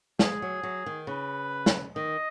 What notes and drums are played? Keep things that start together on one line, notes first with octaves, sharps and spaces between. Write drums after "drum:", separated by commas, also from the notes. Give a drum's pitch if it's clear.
G#3 G#4, drum: snare
F#3
F#3
D#3
C#3 B4
drum: snare
D#3 D#5